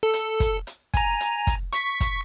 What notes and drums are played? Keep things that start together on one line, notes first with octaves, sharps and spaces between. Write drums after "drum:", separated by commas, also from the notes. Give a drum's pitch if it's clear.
A4
drum: hi-hat
drum: kick, hi-hat
drum: hi-hat
G#5 A#5, drum: kick, hi-hat
drum: hi-hat
drum: kick, hi-hat
C#6 B6, drum: hi-hat
drum: kick, hi-hat